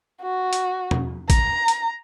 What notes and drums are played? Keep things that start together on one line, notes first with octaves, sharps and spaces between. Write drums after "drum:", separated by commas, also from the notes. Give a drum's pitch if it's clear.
F#4
drum: hi-hat
drum: tom
A#5, drum: kick, hi-hat
drum: hi-hat